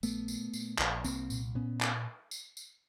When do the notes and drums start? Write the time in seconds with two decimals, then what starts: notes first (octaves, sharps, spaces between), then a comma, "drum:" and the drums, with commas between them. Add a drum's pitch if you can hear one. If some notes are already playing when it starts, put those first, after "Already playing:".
0.03 A#1 A3 B3, drum: tambourine
0.28 A#2, drum: tambourine
0.53 A#2, drum: tambourine
0.79 A#1, drum: clap
1.04 C2 A#3 C4, drum: tambourine
1.30 A#2, drum: tambourine
1.55 A#2 B3 C#4
1.81 drum: clap
2.31 drum: tambourine
2.57 drum: tambourine